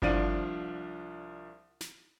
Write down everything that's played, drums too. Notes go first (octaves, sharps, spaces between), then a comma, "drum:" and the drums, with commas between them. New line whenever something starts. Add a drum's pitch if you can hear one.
C2 F3 D4 D5 F5 D#7, drum: kick G1
drum: snare